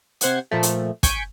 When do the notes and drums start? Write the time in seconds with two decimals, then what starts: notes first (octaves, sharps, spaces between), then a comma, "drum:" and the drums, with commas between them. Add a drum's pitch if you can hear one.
0.21 C3 C5 F#5 G#6 C7, drum: hi-hat
0.51 A#2 F3 A3
0.63 drum: hi-hat
1.03 G#5 C#6 G6 B6 D7, drum: kick, hi-hat